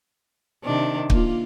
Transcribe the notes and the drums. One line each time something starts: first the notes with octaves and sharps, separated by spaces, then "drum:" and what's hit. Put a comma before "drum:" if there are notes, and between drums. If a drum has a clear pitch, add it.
C3 D#3 D4
A#3 F4, drum: kick